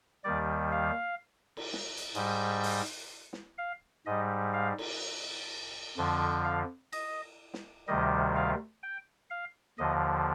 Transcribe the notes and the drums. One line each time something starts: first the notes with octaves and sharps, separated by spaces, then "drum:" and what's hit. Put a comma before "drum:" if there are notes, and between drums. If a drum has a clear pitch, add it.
D#2 D#3 G3 D5
F5
drum: cymbal
drum: snare
drum: hi-hat
G#2 G3, drum: cymbal
drum: open hi-hat
drum: snare
F5
G#2 G3 D#5
F5
drum: cymbal
F2 D3 F3
F5
D#5, drum: cymbal
drum: snare
D2 C3 D#3 G3 D#5
F5
G5
F5
D#2 D3 F3 D#5